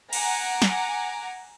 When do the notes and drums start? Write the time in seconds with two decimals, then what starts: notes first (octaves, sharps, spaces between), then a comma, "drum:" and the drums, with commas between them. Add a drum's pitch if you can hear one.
0.13 F#5 G#5 A#5 D6, drum: cymbal
0.62 drum: snare